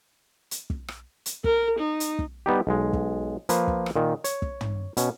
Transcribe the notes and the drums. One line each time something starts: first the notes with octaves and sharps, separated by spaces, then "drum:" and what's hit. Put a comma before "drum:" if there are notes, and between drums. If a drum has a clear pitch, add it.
drum: hi-hat
drum: kick
drum: rim click
drum: hi-hat
A#4, drum: kick
D#4
drum: hi-hat
drum: kick
G3 B3 D#4 G4
B1 G#3
drum: kick
F3 A#3 B4 F5, drum: hi-hat
drum: kick
drum: rim click
A#2 D#3
C#5, drum: hi-hat
drum: kick
drum: tom
B2 C#4, drum: hi-hat